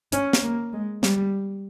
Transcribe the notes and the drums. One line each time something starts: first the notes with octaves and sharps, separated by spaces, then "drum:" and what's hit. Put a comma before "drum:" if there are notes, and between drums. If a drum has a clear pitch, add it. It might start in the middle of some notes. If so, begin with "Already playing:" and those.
C#4, drum: hi-hat
drum: snare
A#3
G#3
G3, drum: snare